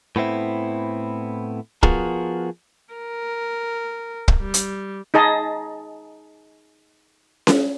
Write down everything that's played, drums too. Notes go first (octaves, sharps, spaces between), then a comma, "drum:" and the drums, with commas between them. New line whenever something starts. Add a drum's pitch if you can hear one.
A2 B3 C4 E4
F3 B3 F4 F#4 G#4 A#4, drum: kick
A#4
drum: kick
G3
drum: hi-hat
D#4 G#4 D#5 A5
drum: snare C#4